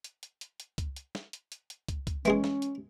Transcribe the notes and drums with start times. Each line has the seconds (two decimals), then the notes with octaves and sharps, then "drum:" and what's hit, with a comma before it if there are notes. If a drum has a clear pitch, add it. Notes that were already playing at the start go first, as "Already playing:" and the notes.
0.04 drum: hi-hat
0.23 drum: hi-hat
0.41 drum: hi-hat
0.60 drum: hi-hat
0.78 drum: kick, hi-hat
0.96 drum: hi-hat
1.15 drum: snare
1.33 drum: hi-hat
1.52 drum: hi-hat
1.70 drum: hi-hat
1.88 drum: kick, hi-hat
2.07 drum: kick, hi-hat
2.25 E3 G#3 C#4 G#4, drum: hi-hat
2.44 drum: snare
2.62 drum: hi-hat